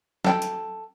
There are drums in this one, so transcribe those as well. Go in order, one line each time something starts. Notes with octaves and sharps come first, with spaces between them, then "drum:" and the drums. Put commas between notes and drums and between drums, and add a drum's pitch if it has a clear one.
A4 G5, drum: snare
drum: hi-hat